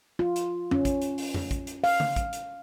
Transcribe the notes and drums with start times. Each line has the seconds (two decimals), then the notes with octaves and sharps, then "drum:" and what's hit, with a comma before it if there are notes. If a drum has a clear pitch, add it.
0.19 F4
0.36 drum: hi-hat
0.71 C#4, drum: tom F2
0.85 drum: kick, hi-hat
1.02 drum: hi-hat
1.18 drum: open hi-hat
1.34 drum: tom F2
1.51 drum: kick, hi-hat
1.67 drum: hi-hat
1.84 F5, drum: open hi-hat
2.00 drum: tom C#3
2.16 drum: kick, hi-hat
2.33 drum: hi-hat